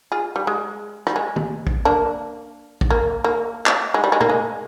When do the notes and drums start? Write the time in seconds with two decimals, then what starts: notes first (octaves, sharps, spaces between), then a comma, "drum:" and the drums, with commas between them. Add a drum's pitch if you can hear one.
0.12 F4 G#4
0.36 G3
0.47 G#3
1.07 G3, drum: rim click
1.16 G#3
1.36 drum: tom
1.67 drum: kick
1.85 A#3 D4
2.81 drum: kick
2.90 A#3
3.24 A#3
3.66 drum: clap
3.94 G#3
4.04 G3
4.12 G#3
4.21 A#3, drum: tom
4.29 G#3